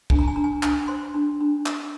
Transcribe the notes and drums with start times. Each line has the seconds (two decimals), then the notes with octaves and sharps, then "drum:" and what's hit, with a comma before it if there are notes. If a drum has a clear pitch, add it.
0.10 D4 G#5, drum: kick
0.19 A#5
0.28 G#5
0.36 D4 A#5
0.44 G#5
0.63 D4, drum: clap
0.88 C5 C6
1.14 D4
1.41 D4
1.66 A#4, drum: clap